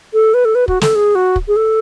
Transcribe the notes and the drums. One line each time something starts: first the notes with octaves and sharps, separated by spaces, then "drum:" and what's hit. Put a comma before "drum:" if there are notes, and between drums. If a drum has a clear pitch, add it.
A4
B4
A4
B4
F#4, drum: kick
A4, drum: snare
G#4
F#4
drum: kick
G#4
A4